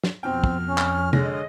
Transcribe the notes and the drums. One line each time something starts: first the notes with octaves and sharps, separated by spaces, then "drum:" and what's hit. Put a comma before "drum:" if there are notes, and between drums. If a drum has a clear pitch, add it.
drum: snare
F2 B2 C4 G5 F6
drum: kick
C#4
drum: clap
D3 G#3 C#5 D#5 A#6, drum: tom C3